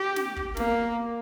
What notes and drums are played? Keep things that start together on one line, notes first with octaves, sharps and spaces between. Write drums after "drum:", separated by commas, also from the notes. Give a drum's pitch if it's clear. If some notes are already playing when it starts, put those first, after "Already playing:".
Already playing: G4
drum: snare
drum: kick
A#3, drum: snare